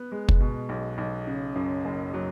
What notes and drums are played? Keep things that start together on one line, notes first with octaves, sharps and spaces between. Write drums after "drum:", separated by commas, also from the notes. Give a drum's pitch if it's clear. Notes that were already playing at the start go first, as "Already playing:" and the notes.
Already playing: B3
G#3
drum: kick
B2
B1
B1
C#3
F#2
F#1
F#3